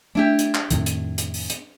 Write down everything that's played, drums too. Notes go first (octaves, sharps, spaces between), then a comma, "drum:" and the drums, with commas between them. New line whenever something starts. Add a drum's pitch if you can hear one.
A3 D4 E4 G4
drum: hi-hat
drum: clap
F2 A2 D#3, drum: hi-hat
drum: hi-hat
drum: hi-hat
drum: open hi-hat
drum: hi-hat